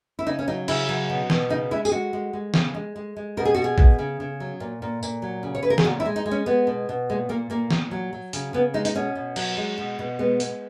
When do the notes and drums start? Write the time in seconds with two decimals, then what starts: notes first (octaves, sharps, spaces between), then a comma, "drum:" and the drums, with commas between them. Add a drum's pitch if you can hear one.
0.19 E4
0.27 C#3 D#4
0.39 C#4
0.48 F#3 D#4
0.68 C#3 E4, drum: cymbal
0.89 F#3
1.10 B2
1.30 B2, drum: snare
1.50 C#3 D#4
1.71 G#3 E4
1.85 G#4, drum: tambourine
1.92 G#3 F#4
2.13 G#3
2.33 G#3
2.54 C#3, drum: snare
2.74 G#3
2.96 G#3
3.16 G#3
3.37 B2 A#4
3.45 G#4
3.54 B2 F#4
3.64 G#4
3.78 B2, drum: kick
3.99 C#3
4.20 C#3
4.40 F#3
4.60 A#2
4.82 A#2
5.03 A#2, drum: tambourine
5.22 F#3
5.43 C#3
5.55 C#5
5.63 C#3 B4
5.70 A#4
5.78 G#4, drum: snare
5.85 A#2 F#4
6.00 E4
6.05 G#3
6.16 D#4
6.26 G#3
6.31 C#4
6.46 G#3 B3
6.67 B2
6.89 B2
7.09 A#2 G#3
7.29 A#2 A#3
7.50 A#2 A#3
7.71 A#2, drum: snare
7.91 F#3
8.13 F#3
8.33 C#3, drum: hi-hat
8.53 C#3 B3
8.74 G#3 D#4
8.85 D#4, drum: hi-hat
8.95 B2 C#4
9.15 B2
9.36 F#3, drum: cymbal
9.57 G#3
9.78 B2
9.99 B2
10.19 G#3 B3
10.40 G#3, drum: hi-hat